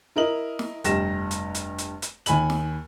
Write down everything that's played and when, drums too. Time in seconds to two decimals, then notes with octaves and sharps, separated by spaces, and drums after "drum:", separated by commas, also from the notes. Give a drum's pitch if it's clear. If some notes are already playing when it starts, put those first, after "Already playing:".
0.16 E4 A#4 D#5 F#7
0.59 drum: snare
0.84 F1 G2 G4 A#6 E7, drum: hi-hat
1.31 drum: hi-hat
1.55 drum: hi-hat
1.78 drum: hi-hat
2.02 drum: hi-hat
2.26 D#2 G#5 B5 F#7, drum: hi-hat
2.50 drum: snare